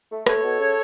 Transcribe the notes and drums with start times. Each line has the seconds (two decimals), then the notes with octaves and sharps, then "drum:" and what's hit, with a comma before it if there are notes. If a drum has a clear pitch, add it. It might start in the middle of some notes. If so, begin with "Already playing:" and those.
0.10 A3
0.26 A3 A4 C#5, drum: rim click
0.43 B2
0.60 C#3